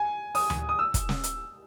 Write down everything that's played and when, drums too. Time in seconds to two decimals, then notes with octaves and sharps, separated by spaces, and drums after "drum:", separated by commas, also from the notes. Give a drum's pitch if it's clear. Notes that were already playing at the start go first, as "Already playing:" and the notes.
Already playing: G#5
0.35 D#6, drum: open hi-hat
0.50 drum: tom D2
0.69 D#6
0.79 E6
0.94 drum: kick, hi-hat
1.09 drum: snare
1.24 drum: hi-hat